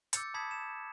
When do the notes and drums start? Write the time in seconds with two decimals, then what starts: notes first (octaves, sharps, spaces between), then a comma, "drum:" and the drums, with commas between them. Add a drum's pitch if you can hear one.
0.13 D6 E6 G6 A6 C#7, drum: hi-hat
0.34 A5 B5 D#6 G#6 B6
0.51 E7